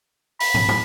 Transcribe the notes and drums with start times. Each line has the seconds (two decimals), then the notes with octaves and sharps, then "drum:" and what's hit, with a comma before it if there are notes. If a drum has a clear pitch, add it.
0.40 B5, drum: open hi-hat
0.54 drum: tom
0.69 drum: tom